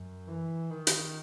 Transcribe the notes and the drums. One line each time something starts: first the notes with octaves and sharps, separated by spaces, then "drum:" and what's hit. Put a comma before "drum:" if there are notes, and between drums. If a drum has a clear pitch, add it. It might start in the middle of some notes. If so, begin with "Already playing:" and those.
Already playing: F#2
E3
D#3
drum: hi-hat